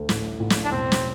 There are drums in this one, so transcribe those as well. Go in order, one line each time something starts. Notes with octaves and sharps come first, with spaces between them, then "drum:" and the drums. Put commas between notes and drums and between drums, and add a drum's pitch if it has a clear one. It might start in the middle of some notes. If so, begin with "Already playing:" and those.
Already playing: D2
A1, drum: snare
A1
drum: snare
D4
E1 C4
drum: snare